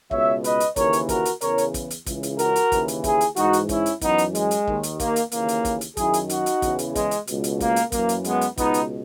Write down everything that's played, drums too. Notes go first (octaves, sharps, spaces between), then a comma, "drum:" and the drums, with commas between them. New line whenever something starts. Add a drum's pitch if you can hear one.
C#2 B2 C#5 E5, drum: kick
B4 D#5, drum: hi-hat
drum: hi-hat
D#2 C#3 E3 A#4 C#5, drum: kick, hi-hat
drum: hi-hat
F#4 A#4, drum: kick, hi-hat
drum: hi-hat
E2 C#3 E3 A#4 C#5, drum: hi-hat
drum: hi-hat
drum: kick, hi-hat
drum: hi-hat
C#2 C#3 E3, drum: kick, hi-hat
drum: hi-hat
F#4 A#4, drum: hi-hat
drum: hi-hat
D#2 C#3 E3, drum: kick, hi-hat
drum: hi-hat
E4 G#4, drum: kick, hi-hat
drum: hi-hat
G#2 E3 D#4 F#4, drum: hi-hat
drum: hi-hat
C#4 E4, drum: kick, hi-hat
drum: hi-hat
F#2 E3 B3 D#4, drum: kick, hi-hat
drum: hi-hat
G#3, drum: hi-hat
drum: hi-hat
D#2 D#3, drum: kick
drum: hi-hat
A#3, drum: kick, hi-hat
drum: hi-hat
D#2 C#3 E3 A#3, drum: hi-hat
drum: hi-hat
drum: kick, hi-hat
drum: hi-hat
F#2 D#3 E4 G#4, drum: kick, hi-hat
drum: hi-hat
D#4 F#4, drum: hi-hat
drum: hi-hat
E2 C#3 E3, drum: kick, hi-hat
drum: hi-hat
G#3, drum: kick, hi-hat
drum: hi-hat
C#2 B2, drum: hi-hat
drum: hi-hat
A#3, drum: kick, hi-hat
drum: hi-hat
F#2 E3 A#3, drum: kick, hi-hat
drum: hi-hat
G#3 B3, drum: hi-hat
drum: hi-hat
C#2 B2 B3 D#4, drum: kick, hi-hat
drum: hi-hat